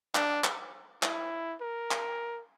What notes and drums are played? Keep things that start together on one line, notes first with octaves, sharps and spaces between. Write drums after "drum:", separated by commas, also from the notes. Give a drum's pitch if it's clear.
D4, drum: clap
drum: clap
E4, drum: clap
A#4
drum: clap